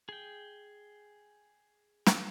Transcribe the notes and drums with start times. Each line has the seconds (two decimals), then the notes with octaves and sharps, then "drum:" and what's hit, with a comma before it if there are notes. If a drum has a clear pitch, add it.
0.09 G#4 G5
2.07 drum: snare